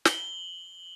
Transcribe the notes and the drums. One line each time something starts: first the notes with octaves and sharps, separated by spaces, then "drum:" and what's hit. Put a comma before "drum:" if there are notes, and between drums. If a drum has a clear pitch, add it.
F#7 G7, drum: snare